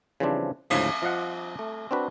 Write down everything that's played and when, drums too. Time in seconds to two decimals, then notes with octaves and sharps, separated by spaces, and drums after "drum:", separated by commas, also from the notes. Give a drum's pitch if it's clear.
0.20 C#3 E3 F3 G3 C4 D4
0.70 D2 G#2 C#3 F3, drum: cymbal
1.02 F3 F4 D#5 F5 F#5
1.59 A3
1.91 C4 D4 F#4 B4